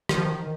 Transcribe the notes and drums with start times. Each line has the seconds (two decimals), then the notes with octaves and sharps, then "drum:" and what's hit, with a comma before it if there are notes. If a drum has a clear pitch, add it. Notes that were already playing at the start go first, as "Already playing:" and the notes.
0.09 D#3, drum: rim click
0.17 F3
0.25 D#3